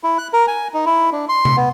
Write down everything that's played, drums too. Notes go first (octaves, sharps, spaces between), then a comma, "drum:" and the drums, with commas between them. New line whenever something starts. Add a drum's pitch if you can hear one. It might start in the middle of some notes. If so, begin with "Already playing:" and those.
E4
F#6
A#4
G#5
D#4
E4
D4
C6
drum: tom C3
B3